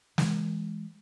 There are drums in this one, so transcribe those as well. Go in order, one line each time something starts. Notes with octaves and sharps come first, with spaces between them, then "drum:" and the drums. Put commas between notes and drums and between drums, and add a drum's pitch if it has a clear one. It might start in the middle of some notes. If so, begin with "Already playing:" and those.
E3 G#3, drum: snare